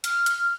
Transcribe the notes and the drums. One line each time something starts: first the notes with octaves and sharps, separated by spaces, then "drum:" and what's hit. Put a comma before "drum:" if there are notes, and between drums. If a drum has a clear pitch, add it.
F6, drum: hi-hat
drum: hi-hat